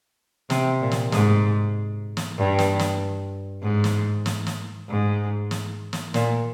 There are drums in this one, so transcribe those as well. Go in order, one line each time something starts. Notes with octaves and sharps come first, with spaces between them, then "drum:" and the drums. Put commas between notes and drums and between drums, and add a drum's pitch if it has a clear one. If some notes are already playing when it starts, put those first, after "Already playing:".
C3, drum: snare
A#2
drum: snare
G#2, drum: snare
drum: snare
G2
drum: snare
drum: snare
G#2
drum: snare
drum: snare
drum: snare
G#2
drum: snare
drum: snare
A#2, drum: snare